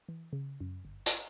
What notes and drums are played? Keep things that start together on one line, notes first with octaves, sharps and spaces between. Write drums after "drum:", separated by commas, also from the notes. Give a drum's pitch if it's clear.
E3
C#3
F#2
G1
drum: hi-hat